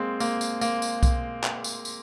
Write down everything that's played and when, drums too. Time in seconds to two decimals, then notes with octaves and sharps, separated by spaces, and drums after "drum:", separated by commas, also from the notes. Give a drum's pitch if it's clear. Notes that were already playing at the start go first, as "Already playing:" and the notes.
Already playing: G#3 A#3 C4
0.20 A#3, drum: tambourine
0.41 drum: tambourine
0.61 A#3, drum: tambourine
0.82 drum: tambourine
1.03 drum: kick B1, tambourine
1.44 drum: clap
1.64 drum: tambourine
1.85 drum: tambourine